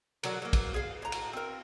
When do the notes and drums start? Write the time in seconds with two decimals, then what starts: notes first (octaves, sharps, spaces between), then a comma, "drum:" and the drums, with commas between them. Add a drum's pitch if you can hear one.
0.23 D3 F#3 F#4 A#4, drum: cymbal
0.42 F#3 A#3
0.53 drum: kick, cymbal
0.74 G#4 F5
1.02 A2 A#5
1.12 drum: cymbal
1.33 C4 A#4